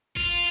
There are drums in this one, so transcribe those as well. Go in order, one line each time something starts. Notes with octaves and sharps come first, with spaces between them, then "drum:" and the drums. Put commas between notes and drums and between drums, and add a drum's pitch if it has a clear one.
F4, drum: kick